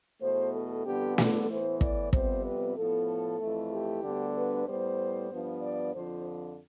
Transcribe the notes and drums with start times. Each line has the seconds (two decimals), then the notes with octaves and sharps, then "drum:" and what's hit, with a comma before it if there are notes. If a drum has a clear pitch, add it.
0.22 E2 B2 A3 C5
0.54 A4
0.86 F2 D3 G3 B3 G4
1.18 A4, drum: snare
1.49 A2 E3 B3 C5
1.81 D5, drum: kick
2.13 F2 C3 G3 B3 C5, drum: kick
2.45 B4
2.76 A2 F3 B3 A4
3.40 F2 E3 A3
3.72 G4
4.04 D2 D3 G3 B3
4.36 B4
4.67 A2 G3 B3 C5
5.31 G2 F3 B3
5.63 D5
5.94 F2 D3 F3 C5